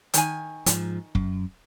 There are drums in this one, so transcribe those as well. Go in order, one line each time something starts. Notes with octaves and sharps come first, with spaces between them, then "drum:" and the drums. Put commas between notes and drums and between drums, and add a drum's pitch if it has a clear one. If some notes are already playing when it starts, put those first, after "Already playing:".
D#3 G#5, drum: hi-hat
G#2 F3, drum: hi-hat
F#2, drum: kick